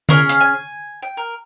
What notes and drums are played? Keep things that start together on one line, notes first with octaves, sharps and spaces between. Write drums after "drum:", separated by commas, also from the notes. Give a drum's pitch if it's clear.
C#4 G#4 A#4, drum: tom D3
F5, drum: hi-hat
G#5
G5
A#4